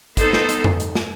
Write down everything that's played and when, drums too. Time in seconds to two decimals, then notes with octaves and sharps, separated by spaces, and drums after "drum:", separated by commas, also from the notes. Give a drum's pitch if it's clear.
0.17 B3 D#4 A4 C5, drum: kick, hi-hat
0.33 drum: snare
0.49 drum: hi-hat
0.64 drum: tom F2
0.80 drum: hi-hat
0.95 drum: snare